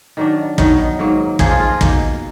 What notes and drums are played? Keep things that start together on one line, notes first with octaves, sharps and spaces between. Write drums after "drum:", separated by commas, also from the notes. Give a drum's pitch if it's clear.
D#3 F#3 D4
D#3 F#3 B3 D#4, drum: kick
G#2 F#3 A#3
F3 A#3 D#4 G#4, drum: kick
F4
F4
D#5
B2 A#3 D#4, drum: kick